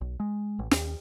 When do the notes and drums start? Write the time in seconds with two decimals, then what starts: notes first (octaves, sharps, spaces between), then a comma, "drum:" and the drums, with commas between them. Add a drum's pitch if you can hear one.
0.01 B1
0.20 G#3
0.59 A1
0.71 D#2, drum: snare